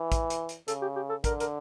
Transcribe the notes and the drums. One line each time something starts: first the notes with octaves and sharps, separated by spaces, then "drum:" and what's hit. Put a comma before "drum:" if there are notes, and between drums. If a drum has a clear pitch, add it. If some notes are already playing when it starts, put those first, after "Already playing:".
Already playing: E3
drum: kick, hi-hat
drum: hi-hat
drum: hi-hat
C#3 A4, drum: hi-hat
G4
G4
A4
D3 A#4, drum: kick, hi-hat
A#4, drum: hi-hat